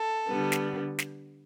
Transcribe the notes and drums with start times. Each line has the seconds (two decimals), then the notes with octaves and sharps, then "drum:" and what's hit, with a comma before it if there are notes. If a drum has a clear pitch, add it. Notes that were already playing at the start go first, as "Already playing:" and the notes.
Already playing: A4
0.28 D3 G3 B3
0.52 drum: snare
0.99 drum: snare